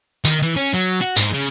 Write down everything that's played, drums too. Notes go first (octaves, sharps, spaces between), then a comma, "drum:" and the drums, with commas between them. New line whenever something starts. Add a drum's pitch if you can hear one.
D#3, drum: tambourine
E3
C#4
F#3
F#4
G#2, drum: tambourine
C#3